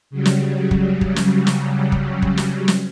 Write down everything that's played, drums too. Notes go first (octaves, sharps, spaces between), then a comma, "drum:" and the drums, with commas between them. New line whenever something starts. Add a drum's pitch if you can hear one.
C#3 F#3 G3
drum: snare
drum: kick
drum: kick
drum: snare
drum: snare
drum: kick
drum: kick
drum: snare
drum: snare